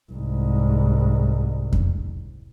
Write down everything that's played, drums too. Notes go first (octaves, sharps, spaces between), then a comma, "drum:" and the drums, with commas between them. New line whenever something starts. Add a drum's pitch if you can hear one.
C2 G#2
drum: kick F2